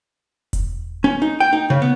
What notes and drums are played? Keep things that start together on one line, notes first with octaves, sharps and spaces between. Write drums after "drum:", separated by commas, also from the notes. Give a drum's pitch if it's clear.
drum: kick E1, hi-hat
C#4
D#4
G5
D#4
C#3
B3